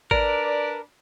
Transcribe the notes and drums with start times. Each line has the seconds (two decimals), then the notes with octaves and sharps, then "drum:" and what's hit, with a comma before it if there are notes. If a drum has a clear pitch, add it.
0.11 D4 A#4 B4 D5, drum: kick G#1